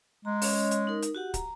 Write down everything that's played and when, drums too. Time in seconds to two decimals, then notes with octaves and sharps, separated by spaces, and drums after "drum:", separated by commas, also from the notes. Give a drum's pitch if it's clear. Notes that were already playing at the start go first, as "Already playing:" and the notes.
0.25 G#3 A#5
0.42 C#4 C#5 D#5, drum: open hi-hat
0.71 drum: hi-hat
0.87 D#4 A#4
1.02 drum: hi-hat
1.15 F#4 G4 F#5
1.34 A#5, drum: kick, hi-hat